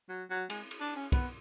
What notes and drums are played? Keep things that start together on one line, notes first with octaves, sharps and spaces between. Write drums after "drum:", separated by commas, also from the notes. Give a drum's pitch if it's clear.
F#3
F#3
G#3, drum: cymbal
drum: cymbal
D4
C#4
B3, drum: kick, cymbal